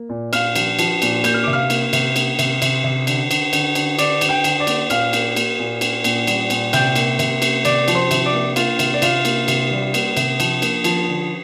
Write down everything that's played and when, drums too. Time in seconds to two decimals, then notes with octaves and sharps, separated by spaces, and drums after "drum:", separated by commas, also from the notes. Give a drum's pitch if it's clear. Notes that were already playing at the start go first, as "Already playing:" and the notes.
Already playing: A#3
0.09 A#2
0.33 A#2 F5 F6, drum: cymbal
0.55 F3, drum: cymbal
0.79 F3, drum: cymbal
1.02 A#2, drum: cymbal
1.24 A#3 G6, drum: cymbal
1.34 F6
1.44 C3 D6
1.53 F5 F6
1.70 A#3, drum: cymbal
1.93 C3, drum: cymbal
2.16 A#3, drum: cymbal
2.39 C3, drum: cymbal
2.62 C3, drum: cymbal
2.84 C3
3.07 D3, drum: cymbal
3.31 D3, drum: cymbal
3.53 D3, drum: cymbal
3.75 D3, drum: cymbal
3.99 D3 D5 D6, drum: cymbal
4.21 D3, drum: cymbal
4.29 G5 G6
4.44 D3, drum: cymbal
4.60 D5 D6
4.67 A#3, drum: cymbal
4.90 A#2 F5 F6, drum: cymbal
5.13 A#3, drum: cymbal
5.36 A#3, drum: cymbal
5.59 A#2
5.81 A#3, drum: cymbal
6.04 A#2, drum: cymbal
6.27 G3, drum: cymbal
6.50 A#2, drum: cymbal
6.73 C3 G5 G6, drum: cymbal
6.96 A#3, drum: cymbal
7.19 C3, drum: cymbal
7.42 A#3, drum: cymbal
7.65 C3 D5 D6, drum: cymbal
7.88 F3, drum: cymbal
7.95 C5 C6
8.11 C3, drum: cymbal
8.25 D5 D6
8.33 A#3
8.56 A#3 F4 F5, drum: cymbal
8.79 C3, drum: cymbal
8.94 D5
9.02 C3 F4 F5, drum: cymbal
9.25 A#3, drum: cymbal
9.48 C3, drum: cymbal
9.71 G3
9.94 A#3, drum: cymbal
10.17 C3, drum: cymbal
10.40 F3, drum: cymbal
10.62 A#3, drum: cymbal
10.84 F3, drum: cymbal
11.08 D3